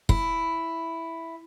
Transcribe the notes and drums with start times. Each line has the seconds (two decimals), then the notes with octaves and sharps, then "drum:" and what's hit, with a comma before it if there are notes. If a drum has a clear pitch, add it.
0.09 E4, drum: kick